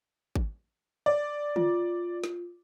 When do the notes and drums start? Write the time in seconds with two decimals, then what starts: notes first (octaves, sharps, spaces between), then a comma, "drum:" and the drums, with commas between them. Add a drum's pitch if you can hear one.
0.36 drum: kick G#1
1.06 D5
1.56 F4, drum: tom D3
2.24 drum: snare